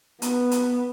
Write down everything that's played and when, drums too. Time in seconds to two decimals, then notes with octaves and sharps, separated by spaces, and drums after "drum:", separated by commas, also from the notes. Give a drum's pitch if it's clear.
0.22 B3, drum: hi-hat
0.51 drum: hi-hat